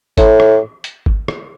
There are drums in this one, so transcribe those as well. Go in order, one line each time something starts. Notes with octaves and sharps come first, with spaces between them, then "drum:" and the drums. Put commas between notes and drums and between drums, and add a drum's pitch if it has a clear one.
A2, drum: kick G#1, hi-hat
drum: rim click
drum: hi-hat
drum: kick G#1
drum: rim click